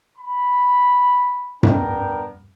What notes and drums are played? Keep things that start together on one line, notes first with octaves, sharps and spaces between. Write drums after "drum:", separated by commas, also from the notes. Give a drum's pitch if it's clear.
B5
B3 D4 A#4 G5 A#5, drum: tom F#2